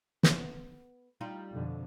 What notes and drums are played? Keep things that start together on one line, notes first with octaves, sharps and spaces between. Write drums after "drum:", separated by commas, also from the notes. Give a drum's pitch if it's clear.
B3, drum: snare
G3 D#4 F4
F2 B2 D3